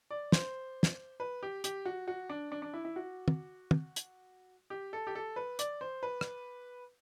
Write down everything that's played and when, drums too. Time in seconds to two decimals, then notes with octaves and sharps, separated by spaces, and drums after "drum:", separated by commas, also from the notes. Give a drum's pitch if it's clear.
0.11 D5
0.32 C5, drum: snare
0.83 drum: snare
1.20 B4
1.43 G4
1.64 G4, drum: hi-hat
1.85 F#4
2.08 F#4
2.29 D4
2.52 D4
2.62 D4
2.74 E4
2.85 E4
2.96 F#4
3.28 drum: tom
3.71 drum: tom
3.96 drum: hi-hat
4.70 G4
4.93 A4
5.07 G4
5.15 A4
5.36 B4
5.59 D5, drum: hi-hat
5.81 C5
6.03 B4
6.21 drum: rim click